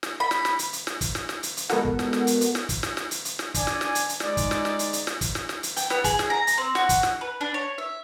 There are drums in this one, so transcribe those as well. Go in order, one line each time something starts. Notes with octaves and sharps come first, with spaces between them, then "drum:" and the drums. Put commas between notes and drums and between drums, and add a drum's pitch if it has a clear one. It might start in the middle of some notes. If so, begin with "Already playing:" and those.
drum: snare
B5
drum: snare
drum: snare
drum: hi-hat
drum: hi-hat
drum: snare
drum: kick, hi-hat
drum: snare
drum: snare
drum: hi-hat
drum: hi-hat
G#3 B3 F#4 A4 A#4 F#5, drum: snare
drum: kick
drum: snare
drum: snare
drum: hi-hat
drum: hi-hat
drum: snare
drum: kick, hi-hat
drum: snare
drum: snare
drum: hi-hat
drum: hi-hat
drum: snare
D4 D5 G#5, drum: kick, hi-hat
drum: snare
drum: snare
drum: hi-hat
drum: hi-hat
G#3 D#4 D5, drum: snare
drum: kick, hi-hat
drum: snare
drum: snare
drum: hi-hat
drum: hi-hat
drum: snare
drum: kick, hi-hat
drum: snare
drum: snare
drum: hi-hat
G5, drum: hi-hat
B3, drum: snare
G#4, drum: kick, hi-hat
drum: snare
A#5
drum: hi-hat
C4
F#4, drum: snare
drum: kick, hi-hat
drum: snare
B4
D4
C#5
E5